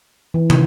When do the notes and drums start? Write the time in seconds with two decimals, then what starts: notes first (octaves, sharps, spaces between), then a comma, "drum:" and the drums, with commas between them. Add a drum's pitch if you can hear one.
0.34 E3
0.50 D#3, drum: tom